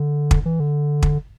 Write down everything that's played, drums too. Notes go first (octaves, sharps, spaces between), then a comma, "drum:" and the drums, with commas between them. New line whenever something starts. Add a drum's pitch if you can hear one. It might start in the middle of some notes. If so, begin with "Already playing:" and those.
Already playing: D3
drum: kick
E3
D3
drum: kick